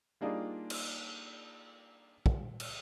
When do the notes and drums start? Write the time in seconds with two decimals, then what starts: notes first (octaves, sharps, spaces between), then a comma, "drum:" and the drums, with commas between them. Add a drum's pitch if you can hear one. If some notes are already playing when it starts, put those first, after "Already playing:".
0.21 G3 A#3 D4 D#4 F4 G#4
0.70 drum: cymbal
2.26 drum: kick
2.60 drum: cymbal